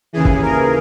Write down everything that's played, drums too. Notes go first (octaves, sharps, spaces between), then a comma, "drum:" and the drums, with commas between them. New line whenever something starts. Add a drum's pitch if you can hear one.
D#2 C#3 E3 G#4
drum: kick
A#4